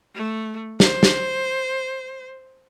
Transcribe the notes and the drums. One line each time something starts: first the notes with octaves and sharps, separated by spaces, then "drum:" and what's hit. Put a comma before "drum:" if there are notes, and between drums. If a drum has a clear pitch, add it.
A3
C5, drum: snare
drum: snare